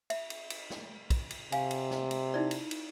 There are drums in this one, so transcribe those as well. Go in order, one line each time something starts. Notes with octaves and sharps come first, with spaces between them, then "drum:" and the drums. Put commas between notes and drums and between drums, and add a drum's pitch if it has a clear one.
E5, drum: cymbal
drum: cymbal
drum: cymbal
drum: snare
drum: kick, cymbal
drum: cymbal
C3 F5 G#5, drum: cymbal
drum: cymbal
drum: snare
drum: cymbal
D#4 E4 D5
drum: cymbal
drum: cymbal